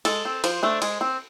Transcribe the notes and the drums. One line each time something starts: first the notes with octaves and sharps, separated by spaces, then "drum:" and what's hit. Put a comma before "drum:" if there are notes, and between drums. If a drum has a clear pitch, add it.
G#3 A4, drum: cymbal
C4
F3 C5, drum: cymbal
A3 D4
G#3, drum: cymbal
C4